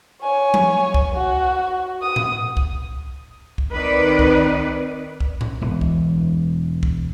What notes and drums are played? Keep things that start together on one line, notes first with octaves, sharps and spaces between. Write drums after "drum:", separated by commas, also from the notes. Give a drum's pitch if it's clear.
C#5 G#5
drum: tom F3
drum: kick
F#4
D#6
drum: tom A2
drum: kick
drum: kick
D#3 C4 D#4 B4 D5
drum: kick
drum: kick
drum: tom A2
E1 E3
drum: kick
drum: kick